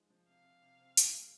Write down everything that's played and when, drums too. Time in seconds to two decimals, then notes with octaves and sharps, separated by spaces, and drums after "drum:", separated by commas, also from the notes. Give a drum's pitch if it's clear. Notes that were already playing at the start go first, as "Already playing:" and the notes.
Already playing: F3 G#3 D#4
0.10 F3
0.27 C3 F5
0.44 C3
0.62 C3
0.80 C4
0.97 F4, drum: hi-hat
1.14 G#3